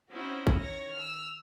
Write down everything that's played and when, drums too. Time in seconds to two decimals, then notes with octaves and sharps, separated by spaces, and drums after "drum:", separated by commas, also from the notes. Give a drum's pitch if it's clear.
0.11 C4 C#4 D#4 E4 F#4 C5
0.47 drum: kick
0.59 D#3 C#5 A#6
0.93 E6 F6